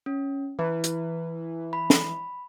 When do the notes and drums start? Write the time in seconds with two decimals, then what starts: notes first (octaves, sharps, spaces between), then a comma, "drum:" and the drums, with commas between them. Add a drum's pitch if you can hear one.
0.06 C#4
0.59 E3 E4 B4
0.84 drum: hi-hat
1.73 B5
1.90 drum: snare